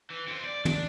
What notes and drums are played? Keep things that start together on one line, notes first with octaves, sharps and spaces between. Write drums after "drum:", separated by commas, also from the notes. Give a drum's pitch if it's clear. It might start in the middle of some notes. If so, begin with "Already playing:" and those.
E3
F2 C4
D5
D4, drum: tom